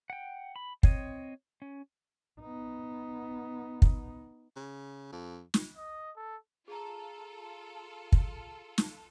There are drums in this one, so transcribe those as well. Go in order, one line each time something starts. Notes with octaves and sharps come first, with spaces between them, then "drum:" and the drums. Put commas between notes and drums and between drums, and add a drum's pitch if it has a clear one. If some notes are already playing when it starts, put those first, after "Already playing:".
F#5 G5
B5
C4 C#5 D#5, drum: kick
C#4
B3 D#4
drum: kick
C#3
F2
drum: snare
D#5
A4
F4 G#4 A4 A#5
drum: kick
drum: snare